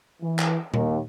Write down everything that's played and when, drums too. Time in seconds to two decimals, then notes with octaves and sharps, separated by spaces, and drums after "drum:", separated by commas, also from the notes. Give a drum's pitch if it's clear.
0.21 E3
0.39 drum: clap
0.74 D#2, drum: tom A#2